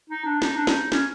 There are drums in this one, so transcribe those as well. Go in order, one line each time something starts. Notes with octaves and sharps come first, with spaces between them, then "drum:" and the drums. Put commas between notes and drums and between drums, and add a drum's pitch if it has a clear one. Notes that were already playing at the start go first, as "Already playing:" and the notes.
D#4
D4
D#4, drum: snare
D4
D#4, drum: snare
C#4, drum: snare